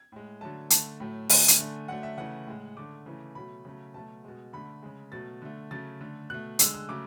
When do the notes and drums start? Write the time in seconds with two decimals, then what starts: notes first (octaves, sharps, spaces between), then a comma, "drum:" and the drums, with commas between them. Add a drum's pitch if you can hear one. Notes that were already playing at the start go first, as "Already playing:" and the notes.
Already playing: G#6
0.12 A2 G#3
0.41 D3 F#3 A3 A5
0.70 D3 A3 A5, drum: hi-hat
1.00 A2 F#3 A3
1.29 D3 A3 G#5, drum: open hi-hat
1.48 drum: hi-hat
1.59 D3 A3
1.88 D3 F#3 A3 F#5
2.03 E5
2.17 C#3 E3 A3 F#5
2.47 A2 G#3
2.77 D3 A3 D6
3.06 C#3 E3 A3
3.35 B2 F#3 A3 B5
3.65 C#3 F#3 A3
3.94 B2 F#3 A3 A5
4.24 B2 G#3
4.53 D3 A3 B5
4.83 C#3 G#3
5.12 B2 F#3 A3 A6
5.42 D3 A3
5.71 C#3 F#3 A3 A6
6.01 D3 A3
6.30 B2 A3 F#6
6.59 D3 G#3 E6, drum: hi-hat
6.74 E6
6.89 C#3 F#3 A3 D6